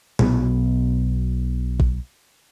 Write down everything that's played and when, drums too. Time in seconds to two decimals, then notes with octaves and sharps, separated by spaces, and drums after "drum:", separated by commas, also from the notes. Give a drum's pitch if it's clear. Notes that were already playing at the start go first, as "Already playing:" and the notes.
0.19 B1 B3, drum: tom
1.80 drum: kick